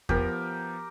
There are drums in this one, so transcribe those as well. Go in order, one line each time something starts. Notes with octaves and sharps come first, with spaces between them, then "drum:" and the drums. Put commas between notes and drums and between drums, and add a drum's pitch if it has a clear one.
F3 B3 G4 A#4, drum: kick E2